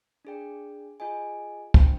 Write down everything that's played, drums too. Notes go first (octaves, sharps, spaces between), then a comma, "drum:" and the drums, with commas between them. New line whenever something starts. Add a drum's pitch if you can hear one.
D4 G#4 D5 G5
F4 G#4 D#5 G#5
A#3 D4 F4 C5 G5, drum: kick